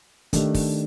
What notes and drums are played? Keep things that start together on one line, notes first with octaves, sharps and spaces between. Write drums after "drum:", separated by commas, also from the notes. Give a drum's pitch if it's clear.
D#3 A3 D4 G4, drum: kick, hi-hat
drum: kick, open hi-hat